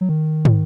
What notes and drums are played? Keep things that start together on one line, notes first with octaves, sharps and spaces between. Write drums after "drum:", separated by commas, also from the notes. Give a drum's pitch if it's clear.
F#3
D#3
drum: tom